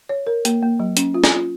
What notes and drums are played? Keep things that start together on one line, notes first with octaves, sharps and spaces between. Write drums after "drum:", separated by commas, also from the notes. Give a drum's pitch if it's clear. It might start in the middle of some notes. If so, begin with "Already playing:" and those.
C#5
A#4
A#3, drum: hi-hat
A#3
F#3
C#4, drum: hi-hat
F4
drum: snare
F4